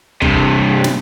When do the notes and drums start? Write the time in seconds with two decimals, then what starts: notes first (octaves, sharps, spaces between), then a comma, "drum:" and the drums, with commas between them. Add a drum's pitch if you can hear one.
0.22 G2 C3, drum: kick
0.84 drum: snare